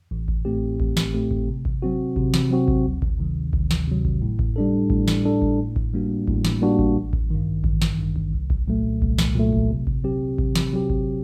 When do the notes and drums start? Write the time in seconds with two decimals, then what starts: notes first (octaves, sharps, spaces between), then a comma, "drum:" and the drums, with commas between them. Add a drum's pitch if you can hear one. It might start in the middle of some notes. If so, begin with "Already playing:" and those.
0.11 A1
0.28 drum: kick G#1
0.45 A2 A3 C4 G4
0.80 A1, drum: kick G#1
0.97 drum: snare
1.14 A2 A3 C4 G4
1.31 drum: kick G#1
1.48 C3
1.65 drum: kick G#1
1.82 F#3 C4 F#4
2.16 C3, drum: kick G#1
2.34 drum: snare
2.50 F#3 C4 F#4
2.68 drum: kick G#1
2.85 D2
3.02 drum: kick G#1
3.19 C3 D#3 F#3
3.53 D2, drum: kick G#1
3.71 drum: snare
3.87 C3 D#3 F#3
4.05 drum: kick G#1
4.22 A2
4.39 drum: kick G#1
4.56 G3 D4 A4
4.90 A2, drum: kick G#1
5.08 drum: snare
5.25 G3 D4 A4
5.42 drum: kick G#1
5.59 A2
5.76 drum: kick G#1
5.93 G3 A#3 D4 F#4
6.28 A2, drum: kick G#1
6.45 drum: snare
6.61 G3 A#3 D4 F#4
6.79 drum: kick G#1
6.96 A1
7.13 drum: kick G#1
7.30 G2 D#3
7.64 A1, drum: kick G#1
7.82 drum: snare
7.99 G2 D#3
8.16 drum: kick G#1
8.33 C2
8.50 drum: kick G#1
8.67 A#2 F#3 A3
9.02 C2, drum: kick G#1
9.18 drum: snare
9.35 A#2 F#3 A3
9.53 drum: kick G#1
9.70 C3
9.87 drum: kick G#1
10.04 F#3 C4 G4
10.38 C3, drum: kick G#1
10.55 drum: snare
10.73 F#3 C4 G4
10.90 drum: kick G#1